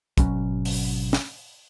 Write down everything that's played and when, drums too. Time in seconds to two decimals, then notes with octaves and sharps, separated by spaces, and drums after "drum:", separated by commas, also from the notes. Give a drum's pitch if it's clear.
0.18 G#1 B2 F#3 C#4, drum: kick, hi-hat
0.65 drum: open hi-hat
1.13 drum: snare